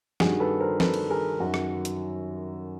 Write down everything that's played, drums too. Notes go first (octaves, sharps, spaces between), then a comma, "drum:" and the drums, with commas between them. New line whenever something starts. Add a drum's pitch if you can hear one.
G2 D#3 G3 F#4 G#4, drum: snare F3
A4 B4
A#4 C5
A4 B4, drum: snare F3
drum: cymbal
G#4 A#4
F#2 D#3 F#3 F#4
drum: rim click
drum: hi-hat